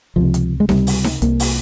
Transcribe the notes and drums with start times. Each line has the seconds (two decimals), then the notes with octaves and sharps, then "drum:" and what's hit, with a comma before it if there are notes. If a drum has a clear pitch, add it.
0.16 C#2 C3 F3
0.34 drum: hi-hat
0.60 G#3
0.69 C#2 C3 G3, drum: snare D#4
0.87 drum: open hi-hat
1.04 drum: snare D#4
1.22 C2 C3 A#3, drum: hi-hat
1.40 drum: open hi-hat